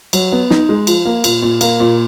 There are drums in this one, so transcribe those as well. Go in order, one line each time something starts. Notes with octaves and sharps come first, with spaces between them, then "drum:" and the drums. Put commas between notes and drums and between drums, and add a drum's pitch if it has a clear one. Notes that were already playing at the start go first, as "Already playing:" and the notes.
F#3, drum: cymbal
B3
D#4, drum: snare
G#3
F3, drum: cymbal
A#3
A#2, drum: cymbal
A#2
A#3, drum: cymbal
A#2